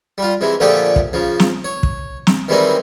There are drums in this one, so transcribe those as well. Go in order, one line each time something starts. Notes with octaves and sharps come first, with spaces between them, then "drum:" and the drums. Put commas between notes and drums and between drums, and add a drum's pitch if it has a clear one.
G3 F4
C3 E3 G#3
A#2 D3 F3 A3 G4 G#4
drum: kick
C#3 F3
drum: snare
C#5
drum: kick
drum: snare
D#3 E3 G3 G#3 C4 D#4